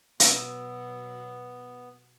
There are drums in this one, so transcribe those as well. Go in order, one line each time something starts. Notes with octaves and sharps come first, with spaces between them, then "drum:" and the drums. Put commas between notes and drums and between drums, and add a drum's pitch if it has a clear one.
B2 F#3 B3 D#6 E6, drum: hi-hat